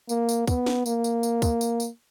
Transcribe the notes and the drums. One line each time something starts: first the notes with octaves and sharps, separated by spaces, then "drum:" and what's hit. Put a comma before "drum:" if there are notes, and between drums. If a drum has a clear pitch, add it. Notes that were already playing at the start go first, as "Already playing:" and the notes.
A#3, drum: tambourine
drum: tambourine
B3, drum: kick, tambourine
drum: snare
A#3, drum: tambourine
drum: tambourine
drum: tambourine
drum: kick, tambourine
drum: tambourine
drum: tambourine